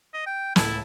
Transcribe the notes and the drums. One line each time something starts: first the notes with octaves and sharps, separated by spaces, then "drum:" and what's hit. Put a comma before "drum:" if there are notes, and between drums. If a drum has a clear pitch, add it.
D#5
G5
C#2 A2 E4 A5, drum: snare